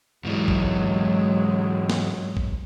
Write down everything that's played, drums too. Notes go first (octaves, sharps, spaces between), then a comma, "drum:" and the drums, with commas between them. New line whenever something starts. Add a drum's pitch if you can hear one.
G#2 E3 F#3 G#3
drum: kick
drum: snare
drum: kick